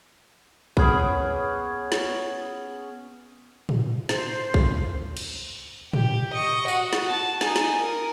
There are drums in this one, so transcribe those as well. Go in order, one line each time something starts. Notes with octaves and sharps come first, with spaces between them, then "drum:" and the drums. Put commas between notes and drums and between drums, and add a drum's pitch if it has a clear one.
B3 C#4 G#4 D6, drum: kick
drum: snare
drum: tom
C5, drum: snare
drum: kick
drum: cymbal
G4, drum: tom
D#5 C#6
F#4, drum: tambourine
drum: snare
A5
D#4 G#5, drum: snare
drum: snare
A#4